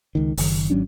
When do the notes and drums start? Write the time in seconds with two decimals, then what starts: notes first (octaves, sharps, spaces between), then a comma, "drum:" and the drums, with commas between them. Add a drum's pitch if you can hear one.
0.15 C#2 D#3
0.37 F#1 D#3, drum: open hi-hat
0.70 G#1 F#3 C#4 D4